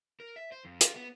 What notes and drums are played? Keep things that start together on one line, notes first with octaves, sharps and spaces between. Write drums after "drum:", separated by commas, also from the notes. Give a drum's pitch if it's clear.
A#4
E5
C5
F2
F4, drum: hi-hat
B3